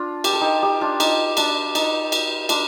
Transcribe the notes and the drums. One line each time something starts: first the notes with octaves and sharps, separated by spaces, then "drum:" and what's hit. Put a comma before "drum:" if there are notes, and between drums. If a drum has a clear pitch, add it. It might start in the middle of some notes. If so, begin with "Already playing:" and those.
Already playing: D4 F4
G4, drum: cymbal
A4
D#4 G4
D#4 G4
D4 F4
D#4, drum: cymbal
D4 F4, drum: cymbal
D#4, drum: cymbal
drum: cymbal
D4 F4, drum: cymbal